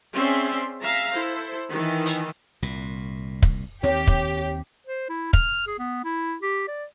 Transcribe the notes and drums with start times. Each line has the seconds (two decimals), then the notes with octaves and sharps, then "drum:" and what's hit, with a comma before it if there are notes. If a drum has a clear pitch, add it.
0.15 C4 C#4 G#4 D5 E5 C6
0.81 G#4 E5 F5 A#5
1.13 E4 A4 C5
1.70 D#3 E3
2.06 drum: hi-hat
2.62 C2 A#2
3.42 drum: kick
3.83 D#2 D#3 C4 G4 C#5
4.07 drum: kick
4.87 C5
5.09 E4
5.33 F6, drum: kick
5.67 G#4
5.79 B3
6.04 E4
6.42 G4
6.68 D5